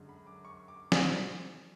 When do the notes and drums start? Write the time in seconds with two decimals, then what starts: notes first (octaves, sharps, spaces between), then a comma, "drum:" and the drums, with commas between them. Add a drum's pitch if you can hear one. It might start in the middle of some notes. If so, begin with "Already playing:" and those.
Already playing: F#2 D3 G#3
0.09 B5
0.27 D6
0.45 C#6
0.68 D6
0.92 C#6, drum: snare